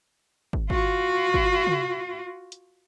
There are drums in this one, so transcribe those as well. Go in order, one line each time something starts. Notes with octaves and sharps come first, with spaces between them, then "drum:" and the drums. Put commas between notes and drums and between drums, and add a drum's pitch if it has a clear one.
drum: kick
F4 F#4, drum: kick
drum: kick
drum: tom
drum: hi-hat